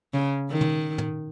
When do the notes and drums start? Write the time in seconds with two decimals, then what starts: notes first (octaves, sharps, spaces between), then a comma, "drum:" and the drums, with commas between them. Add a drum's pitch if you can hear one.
0.14 C#3
0.51 D#3
0.61 drum: tom
0.98 drum: tom